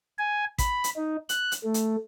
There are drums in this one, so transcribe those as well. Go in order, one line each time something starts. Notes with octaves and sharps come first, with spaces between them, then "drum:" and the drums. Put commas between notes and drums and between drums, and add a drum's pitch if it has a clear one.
G#5
B5, drum: kick A1, hi-hat
drum: hi-hat
D#4
F#6, drum: hi-hat
drum: hi-hat
A3
drum: hi-hat